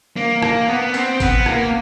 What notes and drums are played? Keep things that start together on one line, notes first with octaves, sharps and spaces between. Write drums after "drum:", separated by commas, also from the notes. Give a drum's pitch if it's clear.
A#3
A#3, drum: rim click
B3
C4, drum: open hi-hat
B3, drum: kick, open hi-hat
A#3, drum: rim click